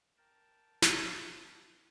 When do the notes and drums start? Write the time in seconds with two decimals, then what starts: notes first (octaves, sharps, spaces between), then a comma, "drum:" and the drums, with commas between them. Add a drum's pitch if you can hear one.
0.17 A#4 G5 A5
0.82 drum: snare